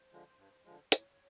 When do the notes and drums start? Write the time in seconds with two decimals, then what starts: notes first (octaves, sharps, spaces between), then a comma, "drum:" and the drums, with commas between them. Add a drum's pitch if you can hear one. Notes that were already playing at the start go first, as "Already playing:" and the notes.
Already playing: C5
0.12 D3 F3 G#3
0.39 G2
0.65 D3 F3 G#3
0.92 A2 C#5, drum: hi-hat